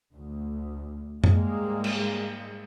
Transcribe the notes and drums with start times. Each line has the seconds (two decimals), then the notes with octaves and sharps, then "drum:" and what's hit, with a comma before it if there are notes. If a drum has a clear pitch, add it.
0.12 D2
1.24 G#2 G3 G#3 A#3, drum: tom F#2
1.84 drum: cymbal